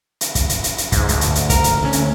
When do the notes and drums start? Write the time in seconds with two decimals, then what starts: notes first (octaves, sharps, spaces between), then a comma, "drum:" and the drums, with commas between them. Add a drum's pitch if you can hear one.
0.21 drum: hi-hat
0.35 drum: kick, hi-hat
0.49 drum: hi-hat
0.64 drum: hi-hat
0.78 drum: hi-hat
0.92 G#2, drum: kick, hi-hat
1.09 D2, drum: hi-hat
1.21 drum: hi-hat
1.35 drum: hi-hat
1.50 A#4, drum: kick, hi-hat
1.64 drum: hi-hat
1.83 D2 C#4
1.93 drum: hi-hat